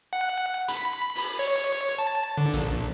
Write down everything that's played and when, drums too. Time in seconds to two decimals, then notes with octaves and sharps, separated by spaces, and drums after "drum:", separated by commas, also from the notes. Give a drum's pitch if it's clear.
0.13 F#5
0.68 B5, drum: hi-hat
1.15 drum: open hi-hat
1.39 C#5
1.99 A5
2.38 D3
2.54 A#1, drum: hi-hat